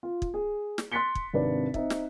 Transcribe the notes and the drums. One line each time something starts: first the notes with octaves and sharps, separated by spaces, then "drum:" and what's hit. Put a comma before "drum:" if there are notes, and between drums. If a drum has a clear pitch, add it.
F4
drum: kick
G#4
drum: snare
C6 F#6 A6 B6 C#7 G7
drum: kick
G#1 C3 D4 B4 D5
C4 D#4 E5, drum: kick
drum: snare